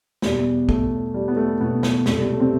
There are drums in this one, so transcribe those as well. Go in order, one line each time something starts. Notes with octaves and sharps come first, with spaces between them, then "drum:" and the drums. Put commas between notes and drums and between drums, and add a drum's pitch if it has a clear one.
E2 B2 G3, drum: snare
A3, drum: kick
G3
B3
A3
B2 B3
drum: snare
C2 B2 A3, drum: snare
G3
A3
C3 C4